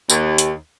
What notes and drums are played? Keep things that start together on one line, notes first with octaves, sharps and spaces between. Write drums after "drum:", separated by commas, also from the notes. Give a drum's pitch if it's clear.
D#2, drum: tambourine
drum: hi-hat